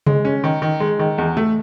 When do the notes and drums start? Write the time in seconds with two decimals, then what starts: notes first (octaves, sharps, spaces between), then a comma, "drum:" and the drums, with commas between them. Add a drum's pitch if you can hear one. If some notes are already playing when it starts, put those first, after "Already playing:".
0.06 G#3, drum: tom C#3
0.25 C#4
0.44 D#3
0.62 D#3
0.80 G#3
0.99 D#3
1.18 E2
1.37 A3